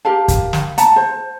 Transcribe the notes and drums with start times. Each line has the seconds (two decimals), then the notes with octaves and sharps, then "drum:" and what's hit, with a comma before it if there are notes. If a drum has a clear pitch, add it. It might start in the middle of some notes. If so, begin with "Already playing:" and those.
0.05 G4 A#4 F5 A5
0.28 drum: kick, hi-hat
0.53 drum: snare
0.78 F#5 A5 A#5, drum: hi-hat
0.96 C5